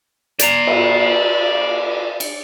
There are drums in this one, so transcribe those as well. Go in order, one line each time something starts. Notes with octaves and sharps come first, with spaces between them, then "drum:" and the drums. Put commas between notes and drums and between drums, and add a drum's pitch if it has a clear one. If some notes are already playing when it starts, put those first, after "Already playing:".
D5 A#5, drum: hi-hat
drum: cymbal
drum: cymbal